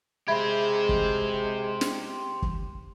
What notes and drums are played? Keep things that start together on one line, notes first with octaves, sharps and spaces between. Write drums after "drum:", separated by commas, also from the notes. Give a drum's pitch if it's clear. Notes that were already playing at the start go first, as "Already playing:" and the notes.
G#3 G4 C5 E5 B5 G#6
drum: kick
drum: snare
drum: kick